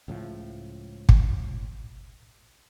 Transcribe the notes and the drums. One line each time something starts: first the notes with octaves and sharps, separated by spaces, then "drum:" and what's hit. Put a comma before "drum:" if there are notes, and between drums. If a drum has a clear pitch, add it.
C#2 A2 F3
drum: kick